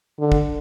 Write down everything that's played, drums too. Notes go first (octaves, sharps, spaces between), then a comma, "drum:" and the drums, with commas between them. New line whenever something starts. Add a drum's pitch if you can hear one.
D3
drum: kick